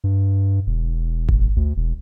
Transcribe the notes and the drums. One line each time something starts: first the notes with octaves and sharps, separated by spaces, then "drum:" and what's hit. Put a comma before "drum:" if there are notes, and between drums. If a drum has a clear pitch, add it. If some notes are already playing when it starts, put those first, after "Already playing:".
G2
E1
drum: kick G#1
D2
E1